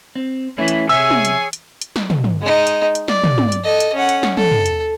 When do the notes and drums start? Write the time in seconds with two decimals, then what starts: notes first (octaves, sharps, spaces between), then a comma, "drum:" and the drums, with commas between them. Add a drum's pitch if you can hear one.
0.16 C4
0.58 E3 A3 C#4 E4
0.68 drum: hi-hat
0.89 C3 G#4 C#5 E5 G#5 E6
1.10 drum: tom
1.25 drum: hi-hat
1.53 drum: hi-hat
1.82 drum: hi-hat
1.96 drum: snare
2.10 drum: tom
2.24 drum: tom
2.42 G#3 D#4
2.67 drum: hi-hat
2.95 drum: hi-hat
3.08 D5, drum: snare
3.24 drum: tom
3.38 drum: tom
3.52 drum: hi-hat
3.64 A4 D#5
3.80 drum: hi-hat
3.94 C#4 F#5
4.09 drum: hi-hat
4.23 drum: snare
4.37 A4, drum: tom
4.51 drum: tom
4.66 drum: hi-hat